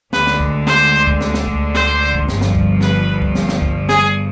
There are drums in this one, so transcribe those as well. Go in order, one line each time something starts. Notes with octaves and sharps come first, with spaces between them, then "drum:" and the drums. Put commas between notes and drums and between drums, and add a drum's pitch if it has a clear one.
D2 D3 G#3 B4, drum: snare
drum: snare
drum: kick C#2
C5, drum: snare
drum: kick C#2
drum: snare
drum: snare
drum: kick C#2
C5, drum: snare
drum: kick C#2
G1 G2 F3, drum: snare
drum: snare
drum: kick C#2
B4, drum: snare
drum: kick C#2
drum: snare
drum: snare
drum: kick C#2
G#4, drum: snare